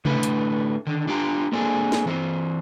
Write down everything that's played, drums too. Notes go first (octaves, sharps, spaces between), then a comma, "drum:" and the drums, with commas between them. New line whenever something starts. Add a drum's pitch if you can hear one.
A2 D3 A3 B4, drum: tom C3
drum: hi-hat
D3 D#3
D4 F4 G4 A5 A#5
A#3 C4 D4 G#4 A4
drum: snare
E3 C4 C5